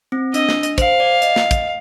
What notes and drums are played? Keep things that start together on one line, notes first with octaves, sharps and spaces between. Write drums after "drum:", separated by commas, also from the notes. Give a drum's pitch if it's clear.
C4
D4 D#5, drum: hi-hat
drum: snare
drum: hi-hat
C5 F5, drum: kick, hi-hat
D5
D#5, drum: hi-hat
drum: snare
drum: kick, hi-hat